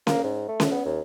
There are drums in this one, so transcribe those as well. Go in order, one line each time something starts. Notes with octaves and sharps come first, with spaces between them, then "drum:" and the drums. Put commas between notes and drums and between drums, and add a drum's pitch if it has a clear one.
A#3, drum: snare C#4
G#2
A3
drum: snare C#4
B3
D#2